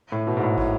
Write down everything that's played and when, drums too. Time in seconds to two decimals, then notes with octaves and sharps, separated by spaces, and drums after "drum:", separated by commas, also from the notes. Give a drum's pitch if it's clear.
0.12 A2
0.27 B2
0.37 G#2
0.43 A2
0.58 A2, drum: kick